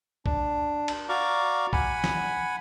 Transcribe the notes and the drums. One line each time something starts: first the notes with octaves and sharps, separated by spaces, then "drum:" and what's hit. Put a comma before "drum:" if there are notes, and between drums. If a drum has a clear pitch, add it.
D4, drum: kick B1
drum: cymbal
F#4 D5 F5 A#5 C#6 D6
F#5 G#5 B5, drum: kick B1
drum: snare